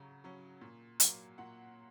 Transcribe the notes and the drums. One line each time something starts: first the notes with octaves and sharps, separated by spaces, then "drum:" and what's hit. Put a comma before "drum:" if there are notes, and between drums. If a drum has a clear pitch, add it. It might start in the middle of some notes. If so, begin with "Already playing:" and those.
Already playing: C#3 F#3 C#4 A#5
F#3 C#4
A#2
F#3 A#3, drum: hi-hat
A#2 F#5